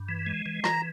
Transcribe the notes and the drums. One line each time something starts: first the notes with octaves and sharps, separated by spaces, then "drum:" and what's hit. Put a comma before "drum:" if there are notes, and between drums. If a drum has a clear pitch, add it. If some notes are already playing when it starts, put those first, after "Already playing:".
Already playing: G2
E3
G#3
E3
E3 A#5, drum: rim click